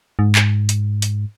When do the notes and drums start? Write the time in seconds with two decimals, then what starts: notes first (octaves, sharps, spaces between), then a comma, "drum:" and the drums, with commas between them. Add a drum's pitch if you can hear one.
0.19 G#2
0.35 drum: clap
0.69 drum: hi-hat
1.02 drum: hi-hat